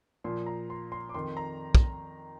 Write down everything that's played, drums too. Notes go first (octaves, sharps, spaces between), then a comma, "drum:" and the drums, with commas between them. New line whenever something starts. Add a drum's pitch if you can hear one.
A#2 F3 C6
A#5
C6
C6
D6
F2 D#3 C6
A#5
drum: kick